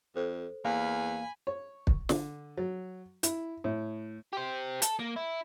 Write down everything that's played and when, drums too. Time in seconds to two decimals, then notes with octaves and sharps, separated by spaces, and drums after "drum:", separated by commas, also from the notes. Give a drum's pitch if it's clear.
0.16 F2 A4 C5
0.65 E2 A#3 F5 G#5 B5
1.47 C#5
1.87 drum: kick
2.09 D3, drum: snare
2.57 F#3
3.23 E4, drum: hi-hat
3.64 A2
4.33 G4 C5
4.82 A4, drum: hi-hat
4.99 A#3
5.17 E4